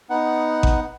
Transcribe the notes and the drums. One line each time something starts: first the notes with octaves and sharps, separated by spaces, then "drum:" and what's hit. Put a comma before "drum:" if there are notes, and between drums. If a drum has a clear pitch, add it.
B3 D#4 F#5
drum: kick G#1